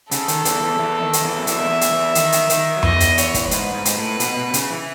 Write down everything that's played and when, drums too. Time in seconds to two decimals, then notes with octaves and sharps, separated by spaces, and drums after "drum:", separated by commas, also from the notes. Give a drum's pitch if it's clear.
0.11 C#3 A4, drum: hi-hat
0.28 D#3, drum: hi-hat
0.45 E2 E3, drum: hi-hat
0.62 E2 E3
0.79 E2 E3
1.02 D#3
1.13 drum: hi-hat
1.24 E2 E3
1.37 F#3
1.47 E2 E3 E5, drum: hi-hat
1.60 D#3
1.69 E2 E3
1.81 drum: hi-hat
1.92 E2 E3
2.15 D#3, drum: hi-hat
2.32 drum: hi-hat
2.50 D#3, drum: hi-hat
2.76 F#3
2.83 E2 E3 D#5, drum: tom F2
3.00 drum: hi-hat
3.18 C#5, drum: hi-hat
3.34 drum: kick, hi-hat
3.51 G#2 B4, drum: hi-hat
3.74 G#2
3.85 drum: hi-hat
3.97 A2
4.20 B2, drum: hi-hat
4.37 B2
4.54 C#3, drum: hi-hat
4.70 E3